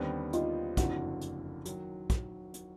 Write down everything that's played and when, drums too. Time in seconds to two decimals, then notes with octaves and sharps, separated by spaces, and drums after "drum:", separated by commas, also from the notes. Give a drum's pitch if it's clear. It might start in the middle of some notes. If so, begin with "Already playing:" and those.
Already playing: D#2 D3 G3 B3 C4
0.33 D#4 F4, drum: hi-hat
0.77 F#1 F2 D3 E4 F#4, drum: kick, hi-hat
1.21 drum: hi-hat
1.65 D#3 F#3, drum: hi-hat
2.10 drum: kick, hi-hat
2.54 drum: hi-hat